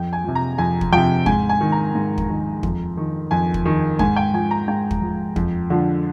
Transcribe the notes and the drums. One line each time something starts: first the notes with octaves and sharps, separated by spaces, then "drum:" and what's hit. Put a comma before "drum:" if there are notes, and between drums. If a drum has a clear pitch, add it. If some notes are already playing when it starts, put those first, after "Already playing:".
Already playing: F2 G5
G#5
C3 F3
A#5
F2 G#5
drum: kick
C3 F3 G5
G#2 G#5, drum: kick
G#5
D#3
A#5
G#2
drum: kick
D#3
F2, drum: kick
D#3
F2 G#5
drum: kick
D#3
G#2 G#5, drum: kick
G5
F3 G#5
A#5
G#2 G5
drum: kick
F3
F2, drum: kick
D3 F3